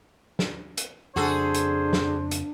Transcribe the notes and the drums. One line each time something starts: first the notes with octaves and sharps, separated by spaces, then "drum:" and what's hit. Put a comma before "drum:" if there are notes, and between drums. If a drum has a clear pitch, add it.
drum: snare
drum: hi-hat
F2 C#3 G3 D4 F#4 G#4 A4 C5
drum: hi-hat
drum: snare
drum: hi-hat